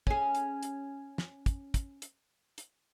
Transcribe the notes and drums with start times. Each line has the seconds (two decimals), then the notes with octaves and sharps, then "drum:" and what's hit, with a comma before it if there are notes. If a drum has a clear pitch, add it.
0.07 C#4 G#4, drum: kick
0.35 drum: hi-hat
0.63 drum: hi-hat
1.18 drum: snare
1.46 drum: kick, hi-hat
1.74 drum: kick, hi-hat
2.02 drum: hi-hat
2.58 drum: hi-hat